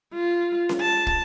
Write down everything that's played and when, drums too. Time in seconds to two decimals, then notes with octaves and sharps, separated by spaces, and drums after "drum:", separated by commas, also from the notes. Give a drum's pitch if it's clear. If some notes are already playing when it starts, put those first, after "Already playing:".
0.13 F4
0.69 drum: snare C#4
0.81 A5
1.07 drum: kick